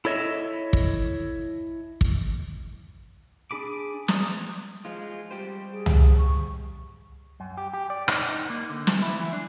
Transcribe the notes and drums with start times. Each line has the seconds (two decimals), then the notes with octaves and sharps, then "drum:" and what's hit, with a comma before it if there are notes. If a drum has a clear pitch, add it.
0.05 E4 A4 C#5 D#5 E5
0.73 drum: kick
2.01 drum: kick
3.51 D4 G#4 B5 D6
4.08 D5 A#5 D#6, drum: snare
4.85 F3 G#3 F4
5.31 G3 G4 C5
5.72 G#4
5.86 drum: tom
6.18 C#6
7.40 F#2
7.57 G4
7.73 G4
7.90 D5
8.08 D#4, drum: rim click
8.28 D#4
8.50 A#3
8.70 D3
8.87 D2, drum: snare
9.02 E4
9.20 E3
9.33 D4